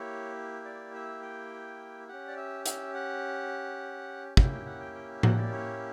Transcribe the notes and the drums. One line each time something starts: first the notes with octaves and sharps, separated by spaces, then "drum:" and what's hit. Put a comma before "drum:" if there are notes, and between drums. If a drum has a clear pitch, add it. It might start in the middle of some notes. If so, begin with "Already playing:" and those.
Already playing: A#3 E4 G4 C#5
D5
E5
G5
C#4 G4 F#5
D5
E5
E5, drum: hi-hat
F#5
A#3 C#4 E4 G4 G5, drum: kick
G5
F#5
G5
G5
F#5, drum: tom A2
D5
C#5